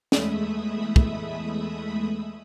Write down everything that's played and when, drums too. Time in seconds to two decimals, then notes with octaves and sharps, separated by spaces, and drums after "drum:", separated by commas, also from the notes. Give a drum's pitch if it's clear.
0.12 E2 G#3 A3 E5 B5 D#6, drum: snare
0.96 drum: kick